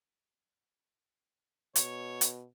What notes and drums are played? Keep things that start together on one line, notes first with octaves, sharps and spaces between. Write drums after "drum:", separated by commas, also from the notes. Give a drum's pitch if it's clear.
B2 C#5, drum: hi-hat
drum: hi-hat